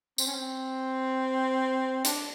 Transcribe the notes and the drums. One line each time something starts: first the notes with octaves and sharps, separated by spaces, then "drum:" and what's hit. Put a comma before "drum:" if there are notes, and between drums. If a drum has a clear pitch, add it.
C4, drum: tambourine
C#4
C4
D4, drum: hi-hat